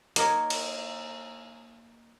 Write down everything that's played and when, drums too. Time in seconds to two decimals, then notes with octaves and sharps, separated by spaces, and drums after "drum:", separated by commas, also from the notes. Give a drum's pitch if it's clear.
0.16 A#3 D#4 A#4 C#5, drum: hi-hat
0.50 drum: cymbal